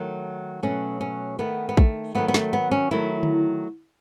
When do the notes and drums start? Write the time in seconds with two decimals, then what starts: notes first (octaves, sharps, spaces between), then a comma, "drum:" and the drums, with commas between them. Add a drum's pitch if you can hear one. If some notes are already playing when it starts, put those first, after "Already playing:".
Already playing: D#3 F#3 A3
0.63 B2 F#3 A3 C#4
1.01 C#4
1.39 D#3 A3 B3
1.69 B3
1.77 A3, drum: kick
2.15 D#3 F#3 A3 B3
2.28 B3
2.34 A3, drum: snare
2.53 B3
2.71 C#4
2.91 D#3 F#3 A3 E4
3.23 drum: tom D3